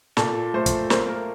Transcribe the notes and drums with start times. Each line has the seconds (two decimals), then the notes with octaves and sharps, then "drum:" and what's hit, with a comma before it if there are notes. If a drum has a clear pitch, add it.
0.17 A#2 A4, drum: snare
0.54 A3 C5
0.66 drum: kick, hi-hat
0.90 A#3 C5, drum: snare
1.09 A#4